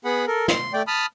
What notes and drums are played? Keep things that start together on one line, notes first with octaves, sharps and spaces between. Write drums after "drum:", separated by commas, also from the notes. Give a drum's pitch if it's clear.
B3 G#4 F#5 B5
A4 A#4
C6, drum: snare
A3 D5 G5
A5 B5 D#6 F6